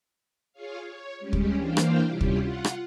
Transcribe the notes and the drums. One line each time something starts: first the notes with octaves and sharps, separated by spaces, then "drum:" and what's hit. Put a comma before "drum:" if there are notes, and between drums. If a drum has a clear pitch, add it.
F4 G#4 C#5 F5
C#5
G3 G#3 C#4 G4
drum: kick
E3 A#3 D4 C5 F5 G5
drum: rim click
C3 G3 C#4 E4 F4 G4
drum: kick
F4 F#5
drum: rim click